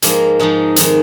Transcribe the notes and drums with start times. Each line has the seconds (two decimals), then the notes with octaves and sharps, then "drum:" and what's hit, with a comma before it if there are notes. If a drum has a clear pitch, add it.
0.02 G#2 F3 G#3 A#3, drum: hi-hat
0.39 G#2 F3 G#3 D#4
0.76 F2 D#3 G#3, drum: hi-hat